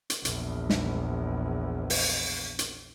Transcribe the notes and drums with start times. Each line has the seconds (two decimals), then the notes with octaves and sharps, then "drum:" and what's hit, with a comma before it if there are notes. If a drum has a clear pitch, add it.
0.10 drum: hi-hat
0.25 A#1 E2, drum: hi-hat
0.70 drum: snare
1.90 drum: open hi-hat
2.59 drum: hi-hat